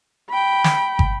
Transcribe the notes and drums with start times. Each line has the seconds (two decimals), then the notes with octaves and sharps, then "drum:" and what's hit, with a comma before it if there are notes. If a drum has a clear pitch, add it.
0.30 G5 B5
0.64 drum: snare
0.99 drum: kick